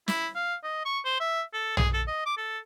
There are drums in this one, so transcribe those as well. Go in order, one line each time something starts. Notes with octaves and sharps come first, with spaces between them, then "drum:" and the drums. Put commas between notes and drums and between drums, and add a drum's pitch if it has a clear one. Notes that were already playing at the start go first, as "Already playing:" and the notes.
E4, drum: snare
F5
D#5
C#6
C5
E5
A4
G#4, drum: tom
A4
D#5
D6
A4